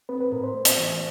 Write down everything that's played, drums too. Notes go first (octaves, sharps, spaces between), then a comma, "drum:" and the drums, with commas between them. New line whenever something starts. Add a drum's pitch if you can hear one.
C4 B4
B4
A2 A#4
C5
A3
drum: hi-hat
E3